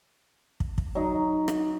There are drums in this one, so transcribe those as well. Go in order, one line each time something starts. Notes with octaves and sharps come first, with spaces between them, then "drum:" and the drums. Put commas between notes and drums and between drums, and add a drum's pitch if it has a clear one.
drum: kick
drum: kick
F#3 D#4
drum: rim click